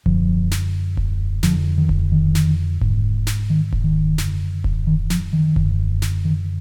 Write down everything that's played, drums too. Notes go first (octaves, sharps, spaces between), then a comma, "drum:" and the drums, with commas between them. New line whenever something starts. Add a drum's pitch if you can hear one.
F#2 D3 F3, drum: kick D#1
drum: snare
drum: kick D#1
F2 D3 F3, drum: snare
D#3
drum: kick D#1
D#3
drum: snare
G#2, drum: kick D#1
drum: snare
D#3
drum: kick D#1
D#3
F#2 D3, drum: snare
drum: kick D#1
D#3
F3, drum: snare
D#3
F#2 D3, drum: kick D#1
drum: snare
D#3